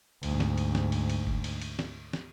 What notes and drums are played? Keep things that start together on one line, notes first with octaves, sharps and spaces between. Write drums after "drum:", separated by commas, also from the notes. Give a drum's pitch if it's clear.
D2 G#2, drum: cymbal
drum: snare
drum: cymbal
drum: snare
drum: cymbal
drum: cymbal
drum: kick F#1
drum: cymbal
drum: cymbal
drum: snare
drum: snare